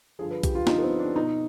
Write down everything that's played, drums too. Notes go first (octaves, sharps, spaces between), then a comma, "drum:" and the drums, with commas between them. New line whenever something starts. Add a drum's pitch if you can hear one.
G2 D3 F3 G#4
B4
G4, drum: kick B1, hi-hat
F4
G2 D3 F3 D#4, drum: snare
B3
C4
D4
B2 D#4